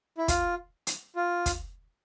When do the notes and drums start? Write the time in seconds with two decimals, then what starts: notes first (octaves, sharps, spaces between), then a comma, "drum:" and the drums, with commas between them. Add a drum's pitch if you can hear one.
0.18 E4
0.28 F4, drum: kick, hi-hat
0.87 drum: hi-hat
1.16 F4
1.46 drum: kick, hi-hat